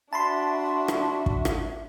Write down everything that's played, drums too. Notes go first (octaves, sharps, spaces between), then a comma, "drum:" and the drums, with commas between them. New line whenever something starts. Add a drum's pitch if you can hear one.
D4 F#4 E5 A5 B5 C6
drum: rim click
drum: kick
drum: rim click